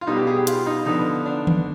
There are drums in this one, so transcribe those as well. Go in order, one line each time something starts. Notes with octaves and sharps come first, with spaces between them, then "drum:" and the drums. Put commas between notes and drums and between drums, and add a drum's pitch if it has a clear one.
F4
B2 G3 B3 D#4
G4
G#4
G4
F4, drum: hi-hat
D#4
D3 F3 B3 D#4
D4
drum: tom D#3